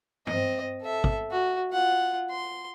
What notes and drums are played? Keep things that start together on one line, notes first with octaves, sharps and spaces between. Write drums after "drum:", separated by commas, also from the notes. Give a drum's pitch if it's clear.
C4 D#5, drum: tom
A4 E5
drum: kick
F#4
F4 F#5
C6